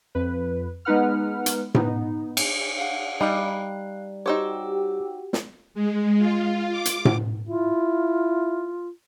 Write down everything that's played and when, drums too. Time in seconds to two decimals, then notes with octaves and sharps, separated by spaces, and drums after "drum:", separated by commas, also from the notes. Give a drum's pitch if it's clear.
0.15 F2 B4
0.85 G#3 B3 D#4 B4 F#5 F6
1.46 drum: hi-hat
1.74 B3 D#4, drum: tom A2
2.37 drum: cymbal
2.79 F5 F#5
3.21 G3 D#4 F5 F#6
4.26 D#4 F#4 G4 C5 C#5 D6 E6
5.33 drum: snare
5.74 G#3
6.19 F4
6.71 D6
6.85 drum: hi-hat
7.05 drum: tom A2
7.49 E4 F4